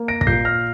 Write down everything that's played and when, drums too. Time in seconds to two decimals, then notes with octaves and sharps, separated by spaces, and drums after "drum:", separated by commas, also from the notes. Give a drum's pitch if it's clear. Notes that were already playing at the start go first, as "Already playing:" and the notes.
Already playing: A#3
0.08 A#6 D7
0.21 A#6, drum: kick
0.27 A#2 G6 C7
0.45 F6 A#6